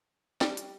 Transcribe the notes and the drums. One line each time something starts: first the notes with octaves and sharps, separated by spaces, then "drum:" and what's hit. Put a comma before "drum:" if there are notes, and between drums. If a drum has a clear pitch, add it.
G3, drum: snare
drum: hi-hat